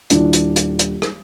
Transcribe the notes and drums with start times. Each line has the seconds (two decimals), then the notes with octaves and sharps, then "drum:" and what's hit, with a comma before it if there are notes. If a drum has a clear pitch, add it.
0.10 D#1 D4 E4, drum: hi-hat
0.33 drum: hi-hat
0.56 drum: hi-hat
0.79 drum: hi-hat
1.02 drum: rim click